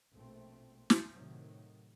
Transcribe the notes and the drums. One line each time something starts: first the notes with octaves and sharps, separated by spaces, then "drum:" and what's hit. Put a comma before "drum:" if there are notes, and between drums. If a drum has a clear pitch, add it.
A#1 B2 A3 C4
drum: snare
A2 C3 D#3 F#3